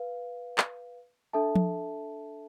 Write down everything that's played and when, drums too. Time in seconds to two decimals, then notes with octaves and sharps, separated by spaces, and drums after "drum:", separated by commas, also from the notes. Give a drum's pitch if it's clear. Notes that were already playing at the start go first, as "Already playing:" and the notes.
Already playing: B4 F5
0.58 drum: clap
1.33 D4 A4 E5 A5
1.55 drum: tom F3